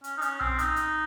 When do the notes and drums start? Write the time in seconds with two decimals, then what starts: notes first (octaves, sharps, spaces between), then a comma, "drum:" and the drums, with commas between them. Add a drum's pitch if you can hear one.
0.04 C#4, drum: hi-hat
0.18 D#4
0.22 C#4, drum: hi-hat
0.40 C4, drum: tom B1
0.59 D#4, drum: hi-hat
0.76 drum: hi-hat